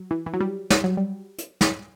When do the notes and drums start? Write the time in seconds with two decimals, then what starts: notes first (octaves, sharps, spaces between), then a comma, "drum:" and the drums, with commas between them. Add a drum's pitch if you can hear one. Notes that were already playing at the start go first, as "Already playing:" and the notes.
Already playing: F#3
0.11 E3
0.26 E3
0.34 F#3
0.40 G3
0.70 G3, drum: snare
0.84 F#3
0.97 G3
1.38 drum: hi-hat
1.61 drum: snare